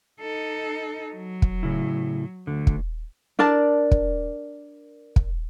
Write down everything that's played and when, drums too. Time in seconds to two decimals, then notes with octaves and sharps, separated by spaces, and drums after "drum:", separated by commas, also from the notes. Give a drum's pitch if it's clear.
0.20 D#4 A4
1.14 F#3
1.42 drum: kick
1.63 A2 C#3 E4
2.47 D2 D3
2.67 drum: kick
3.39 D4 A#4 D5 A5
3.91 drum: kick
5.16 drum: kick